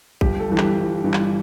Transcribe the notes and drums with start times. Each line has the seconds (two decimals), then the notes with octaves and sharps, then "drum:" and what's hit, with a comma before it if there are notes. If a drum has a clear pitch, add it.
0.21 G1 G4, drum: kick
0.40 A4
0.49 G2 E3
0.58 G4, drum: clap
0.77 G1
1.04 G2 E3
1.14 drum: clap